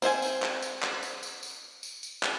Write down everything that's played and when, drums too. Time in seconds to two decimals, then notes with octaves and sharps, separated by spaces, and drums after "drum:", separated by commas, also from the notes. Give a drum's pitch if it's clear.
0.02 C4 C5 E5 G#5, drum: tambourine
0.22 drum: tambourine
0.42 drum: clap
0.62 drum: tambourine
0.83 drum: clap
1.03 drum: tambourine
1.23 drum: tambourine
1.43 drum: tambourine
1.83 drum: tambourine
2.03 drum: tambourine
2.23 drum: clap